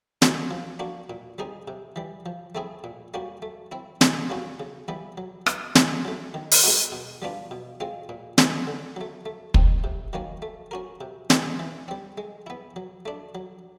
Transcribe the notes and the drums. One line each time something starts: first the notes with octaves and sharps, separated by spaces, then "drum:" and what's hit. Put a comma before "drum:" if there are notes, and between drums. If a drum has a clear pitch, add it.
C#4 F#4 A#4, drum: snare
F3
A#3 D4 F#4
A#2
G3 C4 D#4 G#4
C3
E3 G3
F3
A3 C4 E4 G#4
A#2
G3 A#3 C#4 F#4
A3
C4 E4
B2, drum: snare
G3 A#3 C#4 F#4
C#3
E3 G3 B3 E4
F#3
B3 D#4, drum: rim click
A2, drum: snare
F#3 A3
D#3
drum: open hi-hat
G#3 B3 D#4 F#4
B2
G3 B3 D4 F4
B2
G#3 C4 F4
A#2
G3 B3 E4, drum: snare
D3
F#3 A3
A3
C4 D#4, drum: kick
C3
D#3 F#3 A#3 C#4
A3
C#4 F#4 A#4
C3
D#3 G3 B3 D4, drum: snare
E3
G3 C4
G#3
B3 E4
F#3
A3 D4
F#3